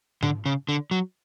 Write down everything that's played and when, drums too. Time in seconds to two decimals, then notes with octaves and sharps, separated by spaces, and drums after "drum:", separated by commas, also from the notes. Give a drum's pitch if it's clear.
0.23 D3, drum: tom G#2
0.46 C#3
0.69 D3
0.91 F#3